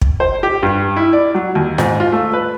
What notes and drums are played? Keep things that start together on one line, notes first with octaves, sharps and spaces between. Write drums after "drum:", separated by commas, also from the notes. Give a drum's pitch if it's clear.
drum: kick
C5
G4
G2
E4
D5
F#3
D#2
G#2, drum: snare F4
F4
A3
B4